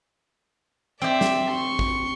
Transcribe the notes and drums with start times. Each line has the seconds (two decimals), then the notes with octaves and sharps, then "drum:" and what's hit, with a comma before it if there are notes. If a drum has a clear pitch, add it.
1.02 C4 G4 D5 E5
1.21 drum: snare
1.50 C6 C#6
1.79 drum: kick